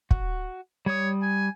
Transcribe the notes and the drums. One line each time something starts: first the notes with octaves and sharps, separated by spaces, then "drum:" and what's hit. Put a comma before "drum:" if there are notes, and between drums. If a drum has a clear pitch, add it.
F#4, drum: kick
G3 C#5 D#6
G#5